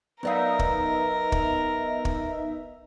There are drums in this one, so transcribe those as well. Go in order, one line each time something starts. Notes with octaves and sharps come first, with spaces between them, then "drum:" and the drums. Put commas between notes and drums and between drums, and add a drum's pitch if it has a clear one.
F#3 B3 D#4 A#4 D5 E5 F5
drum: kick
drum: kick
drum: kick